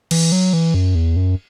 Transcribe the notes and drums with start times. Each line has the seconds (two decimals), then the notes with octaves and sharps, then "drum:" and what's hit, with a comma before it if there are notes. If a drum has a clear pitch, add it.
0.11 E3, drum: cymbal
0.32 F#3
0.53 E3
0.74 F#2
0.95 E2
1.16 F#2